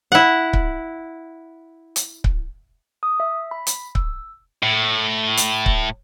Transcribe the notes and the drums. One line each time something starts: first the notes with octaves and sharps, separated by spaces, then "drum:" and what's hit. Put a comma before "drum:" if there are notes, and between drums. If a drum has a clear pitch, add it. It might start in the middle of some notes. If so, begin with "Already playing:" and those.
E4 F#5
drum: kick C#1
drum: hi-hat
drum: kick C#1
D#6
E5
B5
drum: hi-hat
E6, drum: kick C#1
A2
drum: hi-hat
drum: kick C#1